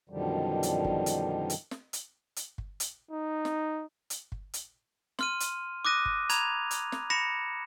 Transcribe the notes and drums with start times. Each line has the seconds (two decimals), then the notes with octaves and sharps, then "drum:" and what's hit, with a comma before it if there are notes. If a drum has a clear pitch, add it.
0.10 F#2 B2 D3 D#3 F3 G3
0.63 drum: hi-hat
0.84 drum: kick
1.06 drum: hi-hat
1.50 drum: hi-hat
1.71 drum: snare
1.93 drum: hi-hat
2.36 drum: hi-hat
2.58 drum: kick
2.80 drum: hi-hat
3.11 D#4
3.45 drum: snare
4.10 drum: hi-hat
4.32 drum: kick
4.54 drum: hi-hat
5.19 C6 F6 D#7, drum: snare
5.40 drum: hi-hat
5.85 D6 D#6 F#6 A#6 D#7
6.05 drum: kick
6.29 A#5 B5 G#6 F7, drum: hi-hat
6.71 drum: hi-hat
6.92 drum: snare
7.10 B5 A#6 C#7 E7